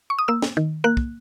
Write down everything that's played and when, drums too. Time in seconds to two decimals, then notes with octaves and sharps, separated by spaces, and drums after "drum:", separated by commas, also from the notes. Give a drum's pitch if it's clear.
0.10 C#6
0.19 D#6
0.28 A#3 E6
0.42 drum: snare
0.57 D#3
0.84 A#3 F#6
0.97 drum: kick